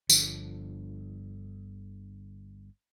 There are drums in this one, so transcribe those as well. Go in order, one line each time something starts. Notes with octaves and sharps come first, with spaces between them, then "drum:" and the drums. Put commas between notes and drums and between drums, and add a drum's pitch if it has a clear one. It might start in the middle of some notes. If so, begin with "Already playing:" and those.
G1 D3 F3, drum: tambourine